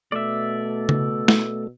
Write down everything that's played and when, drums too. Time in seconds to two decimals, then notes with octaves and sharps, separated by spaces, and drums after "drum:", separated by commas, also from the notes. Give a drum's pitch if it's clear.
0.12 B2 A3 D5 E5
0.89 drum: tom C#3
1.28 drum: snare